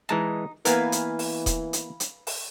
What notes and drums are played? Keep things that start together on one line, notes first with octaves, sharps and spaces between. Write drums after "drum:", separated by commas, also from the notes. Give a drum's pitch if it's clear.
E3 G#3 D#4 A5
E3 A#3 B3 A#4 B4 F5 G#5, drum: hi-hat
drum: hi-hat
drum: open hi-hat
drum: kick D#1, hi-hat
drum: hi-hat
drum: hi-hat
drum: open hi-hat